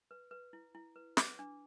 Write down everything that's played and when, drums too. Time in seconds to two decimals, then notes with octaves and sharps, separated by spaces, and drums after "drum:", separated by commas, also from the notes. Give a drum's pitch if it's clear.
0.11 B4
0.31 B4
0.53 E4
0.75 E4
0.96 B4
1.17 B4 D6, drum: snare
1.39 D4